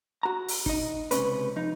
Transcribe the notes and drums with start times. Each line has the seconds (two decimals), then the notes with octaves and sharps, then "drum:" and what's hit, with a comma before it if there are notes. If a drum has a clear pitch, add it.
0.23 F#4 A#5
0.48 drum: open hi-hat
0.66 D#4 D#5, drum: kick
1.11 C#2 G2 C3 C#4 B4, drum: hi-hat
1.56 F2 D#4